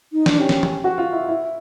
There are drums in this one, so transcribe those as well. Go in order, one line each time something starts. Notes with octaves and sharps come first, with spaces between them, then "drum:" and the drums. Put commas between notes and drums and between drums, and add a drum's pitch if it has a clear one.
D#4
D4, drum: snare
C#4 G4
drum: snare
drum: tom
F#4
F4
E4
E4